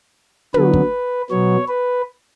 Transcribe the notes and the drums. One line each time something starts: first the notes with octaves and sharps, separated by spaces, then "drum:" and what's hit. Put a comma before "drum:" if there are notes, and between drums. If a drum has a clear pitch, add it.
D3 F#3 B3 B4, drum: tom
drum: kick
B2 F#3 B3 C#5
B4